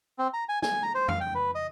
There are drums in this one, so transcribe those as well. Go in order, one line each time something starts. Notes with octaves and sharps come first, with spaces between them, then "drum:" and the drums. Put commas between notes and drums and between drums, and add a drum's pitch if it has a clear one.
C4
A#5
G#5
G#5, drum: snare
A#5
C5
F5, drum: tom F2
G5
B4
D#5